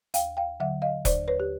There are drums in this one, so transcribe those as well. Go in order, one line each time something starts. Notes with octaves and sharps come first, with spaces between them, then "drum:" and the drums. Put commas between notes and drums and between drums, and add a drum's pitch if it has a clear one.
D#2 F5 G5, drum: hi-hat
F5 G5
D3 F#3 E5 F#5
D#5 F5
D#2 C5 D5, drum: kick E1, hi-hat
B4 C#5
G4